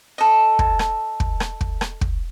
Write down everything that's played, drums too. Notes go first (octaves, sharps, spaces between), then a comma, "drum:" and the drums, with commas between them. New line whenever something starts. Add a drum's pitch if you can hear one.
A4 D#5
drum: kick
drum: rim click
drum: kick
drum: rim click
drum: kick
drum: rim click
drum: kick